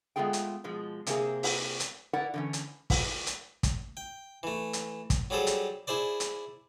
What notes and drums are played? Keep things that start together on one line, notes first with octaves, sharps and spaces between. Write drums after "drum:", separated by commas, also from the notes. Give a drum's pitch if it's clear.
G#3 A3 B3 F4 G#4 G5
drum: hi-hat
B2 F3 G#3
C3 A#3 C4 G#4, drum: hi-hat
drum: open hi-hat
drum: hi-hat
E4 A#4 B4 D5 F#5
D3 E3 C#4
drum: hi-hat
drum: kick, open hi-hat
drum: hi-hat
drum: kick, hi-hat
G5
E3 A3
drum: hi-hat
drum: kick, hi-hat
F#3 G3 G#4 A4 C5
drum: hi-hat
E4 G#4 C5 D5
drum: hi-hat